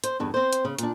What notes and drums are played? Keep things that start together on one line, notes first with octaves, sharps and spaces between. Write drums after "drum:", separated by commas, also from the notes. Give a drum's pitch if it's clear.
C5, drum: hi-hat
E2 G2 D3
C4 C5
drum: hi-hat
C#3
A#2 D4, drum: hi-hat